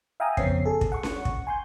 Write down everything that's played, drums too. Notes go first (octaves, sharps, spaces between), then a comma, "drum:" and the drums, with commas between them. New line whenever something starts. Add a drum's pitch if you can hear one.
E5 F5 G5 G#5 A#5 D#6
F2 C#3 B3 C4 C#5 C7, drum: kick
G#4 A4
drum: kick
F#5 C#6
drum: snare C#4
drum: kick
G#5 C6 G6